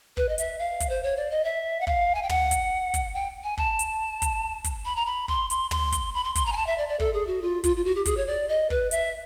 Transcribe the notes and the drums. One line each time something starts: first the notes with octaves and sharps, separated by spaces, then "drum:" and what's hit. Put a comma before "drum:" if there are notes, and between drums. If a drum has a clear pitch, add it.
B4, drum: kick
D#5
E5, drum: hi-hat
F5
drum: kick, hi-hat
C5
C#5
D5
D#5
E5
F#5
F5, drum: kick
G#5
G5
F#5, drum: tom
drum: kick, hi-hat
drum: kick, hi-hat
G5
G#5
A5, drum: kick
drum: hi-hat
drum: kick, hi-hat
drum: kick, hi-hat
B5
A#5
B5
C6, drum: kick
C6, drum: hi-hat
C6, drum: tom
drum: kick, hi-hat
B5
C6
C6, drum: kick, hi-hat
A#5
G#5
A5
E5
D5
D5
A4, drum: kick
G#4
F#4
F4
F4, drum: kick, hi-hat
F4
F#4
G4
G#4, drum: kick, hi-hat
C#5
D5
D#5
B4, drum: kick
E5, drum: hi-hat